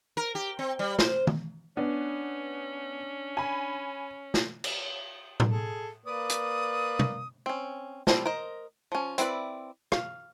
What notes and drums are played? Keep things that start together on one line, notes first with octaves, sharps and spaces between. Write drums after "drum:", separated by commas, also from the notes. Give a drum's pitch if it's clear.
A#4
G4
C4
G3
C5, drum: snare
drum: tom
B3 C#4 D4
G#5 B5
drum: snare
drum: cymbal
drum: tom A2
G#4 A4
A#3 B4 D5 D#6
drum: hi-hat
drum: tom
C4 C#4
F3 G3 C4 E4 C5, drum: snare
A#4 C5 D#5
F3 C#4
C4 E4 F#4 B4 D5, drum: hi-hat
F5, drum: rim click